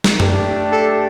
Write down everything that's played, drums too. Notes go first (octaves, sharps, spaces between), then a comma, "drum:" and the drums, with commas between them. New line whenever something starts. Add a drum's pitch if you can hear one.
drum: snare
A3 D4 G4, drum: tom F#2
A4